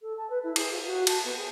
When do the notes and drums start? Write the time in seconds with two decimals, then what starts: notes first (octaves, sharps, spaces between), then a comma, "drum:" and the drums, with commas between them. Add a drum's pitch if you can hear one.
0.01 A4
0.17 A5
0.29 B4
0.43 E4
0.56 G#4, drum: cymbal
0.71 F4
0.86 F#4
1.07 A5, drum: cymbal
1.24 B3
1.36 G#4